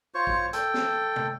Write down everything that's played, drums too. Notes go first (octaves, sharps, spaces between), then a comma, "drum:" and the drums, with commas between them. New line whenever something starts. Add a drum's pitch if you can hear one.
F4 C5 C#5 C#6
drum: kick A#1
A4 G5, drum: hi-hat
drum: snare
drum: tom